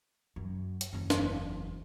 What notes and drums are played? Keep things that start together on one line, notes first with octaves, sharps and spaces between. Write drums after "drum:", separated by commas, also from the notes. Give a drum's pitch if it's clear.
F#2
drum: hi-hat
F#1 E2
drum: snare